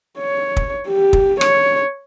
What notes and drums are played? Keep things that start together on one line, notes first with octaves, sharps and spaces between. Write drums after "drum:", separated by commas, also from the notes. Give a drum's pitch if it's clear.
C#5
drum: kick
G4
drum: kick
C#5, drum: rim click